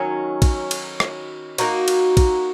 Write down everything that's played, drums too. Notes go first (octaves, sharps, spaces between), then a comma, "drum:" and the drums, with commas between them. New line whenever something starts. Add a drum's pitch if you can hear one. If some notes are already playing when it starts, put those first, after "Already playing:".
Already playing: D#3 F#3 C#4
drum: kick, cymbal
drum: cymbal
drum: rim click
A#3 D#4 F#4, drum: cymbal
drum: cymbal
drum: kick, cymbal